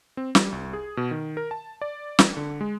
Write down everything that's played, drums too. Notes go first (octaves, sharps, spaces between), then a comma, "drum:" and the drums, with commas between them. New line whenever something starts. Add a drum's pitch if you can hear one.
C4
G3, drum: snare
C2
G#4
B2
D#3
A#4
A5
D5
drum: snare
D3
G#3